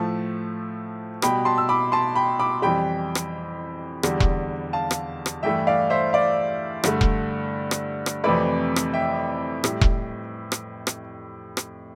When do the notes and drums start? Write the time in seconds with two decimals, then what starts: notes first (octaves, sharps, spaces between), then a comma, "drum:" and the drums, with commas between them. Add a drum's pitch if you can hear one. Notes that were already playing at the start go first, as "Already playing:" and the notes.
Already playing: A2 F3 A3 A5
1.22 B2 G3 G5 B5, drum: rim click
1.45 A5 C6
1.58 E6
1.69 B5 D6
1.92 A5 C6
2.15 G5 B5
2.40 B5 D6
2.62 F2 E3 G3 G5 B5
3.15 drum: rim click
4.03 E2 D3 G3, drum: rim click
4.20 drum: kick E1
4.73 F5 A5
4.91 drum: rim click
5.26 drum: rim click
5.43 G2 E3 A3 E5 G5
5.67 D5 F5
5.90 C5 E5
6.13 D5 F5
6.84 G2 D3 A3, drum: rim click
7.01 drum: kick E1
7.71 drum: rim click
8.06 drum: rim click
8.24 F2 C3 E3 A3 B4 D5
8.76 drum: rim click
8.94 E5 G5
9.64 A2 G3, drum: rim click
9.82 drum: kick E1
10.52 drum: rim click
10.87 drum: rim click
11.57 drum: rim click